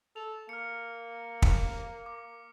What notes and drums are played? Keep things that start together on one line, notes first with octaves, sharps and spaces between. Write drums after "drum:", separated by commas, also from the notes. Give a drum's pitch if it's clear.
A4 F7
A#3 F6 C#7
drum: kick
D6